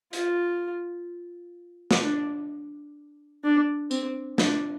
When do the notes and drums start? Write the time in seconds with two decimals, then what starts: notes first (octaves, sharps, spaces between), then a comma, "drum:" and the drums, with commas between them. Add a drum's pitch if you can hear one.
0.13 F4, drum: hi-hat
1.91 drum: snare
2.02 D4
3.44 D4
3.91 C4, drum: tambourine
4.38 D4, drum: snare